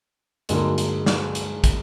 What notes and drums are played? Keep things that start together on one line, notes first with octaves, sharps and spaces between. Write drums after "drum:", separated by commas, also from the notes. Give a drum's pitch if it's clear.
G2 D3 F#3 G#3 A#3 D#4, drum: hi-hat
drum: hi-hat
drum: snare
drum: hi-hat
drum: kick, hi-hat